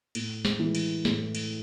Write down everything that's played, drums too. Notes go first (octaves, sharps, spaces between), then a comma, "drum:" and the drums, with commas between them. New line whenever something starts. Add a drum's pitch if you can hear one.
A2, drum: cymbal
drum: snare
E3 G#3
drum: cymbal
A2, drum: snare
drum: cymbal